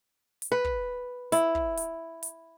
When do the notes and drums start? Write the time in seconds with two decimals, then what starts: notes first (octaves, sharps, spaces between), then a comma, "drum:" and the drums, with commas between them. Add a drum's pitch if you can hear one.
0.42 drum: hi-hat
0.52 B4
0.64 drum: kick
1.32 E4, drum: hi-hat
1.55 drum: kick
1.77 drum: hi-hat
2.23 drum: hi-hat